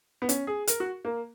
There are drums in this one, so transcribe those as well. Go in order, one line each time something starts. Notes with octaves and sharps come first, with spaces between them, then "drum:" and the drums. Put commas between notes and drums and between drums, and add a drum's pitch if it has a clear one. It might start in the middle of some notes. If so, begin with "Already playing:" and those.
B3
C#4, drum: hi-hat
G#4
A#4, drum: hi-hat
F#4
A#3